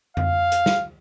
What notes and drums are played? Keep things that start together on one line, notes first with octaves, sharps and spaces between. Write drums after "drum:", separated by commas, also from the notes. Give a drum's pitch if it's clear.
F5, drum: tom F2
drum: hi-hat
drum: snare